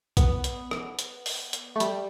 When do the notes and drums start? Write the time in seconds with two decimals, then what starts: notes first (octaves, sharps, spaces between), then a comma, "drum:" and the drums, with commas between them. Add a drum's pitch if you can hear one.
0.17 B3, drum: kick B1, hi-hat
0.44 drum: hi-hat
0.71 drum: rim click
0.99 drum: hi-hat
1.26 drum: open hi-hat
1.53 drum: hi-hat
1.76 A3
1.80 G3, drum: hi-hat